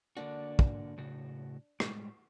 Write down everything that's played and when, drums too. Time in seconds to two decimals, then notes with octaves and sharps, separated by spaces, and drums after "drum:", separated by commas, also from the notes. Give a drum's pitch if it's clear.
0.17 D3 A#3 D4 F#4
0.59 drum: kick
0.98 A2 C#3 F#4
1.80 A2 G3 G#3, drum: rim click